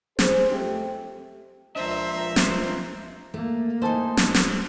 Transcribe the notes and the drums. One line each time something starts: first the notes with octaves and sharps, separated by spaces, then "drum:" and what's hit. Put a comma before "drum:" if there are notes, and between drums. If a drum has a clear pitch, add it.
G#4 C5, drum: snare
F2 A3 C4 G4
C#2 F3 G#3 D4 C5 E5 A#5
C5, drum: snare
A3 A#3
D#4 E4 A4 C5 G#5
drum: snare
drum: snare